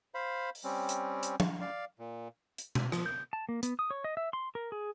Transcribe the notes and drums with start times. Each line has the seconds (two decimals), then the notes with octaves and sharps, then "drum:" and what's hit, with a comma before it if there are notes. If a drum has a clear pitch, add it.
0.15 C5 F5 B5
0.55 drum: open hi-hat
0.64 G3 C4 C#4
0.89 drum: hi-hat
1.23 drum: hi-hat
1.40 drum: tom
1.61 D5 F5
1.99 A#2
2.58 drum: hi-hat
2.75 drum: tom B2
2.92 F3, drum: rim click
3.06 G6
3.33 A5
3.49 A#3
3.63 B3, drum: hi-hat
3.79 D#6
3.91 C#5
4.04 D#5
4.17 E5
4.33 C6
4.55 A#4
4.72 G#4